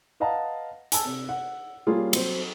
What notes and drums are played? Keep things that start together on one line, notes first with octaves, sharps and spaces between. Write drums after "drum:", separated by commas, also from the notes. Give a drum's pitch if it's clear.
B4 D#5 F5 F#5 A5 A#5
G#5 A5 E6, drum: hi-hat
C3
F#5
G3 A#3 C#4 F4 G#4
F#3 C4 C5, drum: cymbal